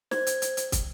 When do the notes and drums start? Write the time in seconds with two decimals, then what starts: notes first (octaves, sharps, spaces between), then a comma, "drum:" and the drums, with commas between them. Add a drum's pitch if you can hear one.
0.11 C5 G#6, drum: snare
0.27 drum: hi-hat
0.42 drum: hi-hat
0.57 drum: hi-hat
0.72 drum: kick, hi-hat